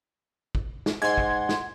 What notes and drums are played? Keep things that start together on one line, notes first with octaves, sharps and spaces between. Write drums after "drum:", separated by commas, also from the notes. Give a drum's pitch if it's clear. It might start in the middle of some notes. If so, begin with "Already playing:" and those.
drum: kick
drum: snare
G#2 F#5 C6 G#6
drum: kick
drum: snare